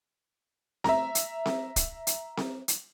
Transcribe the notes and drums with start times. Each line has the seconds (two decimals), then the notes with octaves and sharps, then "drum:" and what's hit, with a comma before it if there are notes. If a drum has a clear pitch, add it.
0.84 E5 A#5, drum: snare C4
1.15 drum: hi-hat
1.46 drum: snare C4
1.76 drum: kick, hi-hat
2.07 drum: hi-hat
2.37 drum: snare C4
2.68 drum: hi-hat